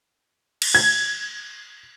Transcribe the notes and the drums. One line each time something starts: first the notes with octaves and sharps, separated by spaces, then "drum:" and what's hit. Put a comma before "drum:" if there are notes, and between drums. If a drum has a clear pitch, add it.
drum: cymbal
G#6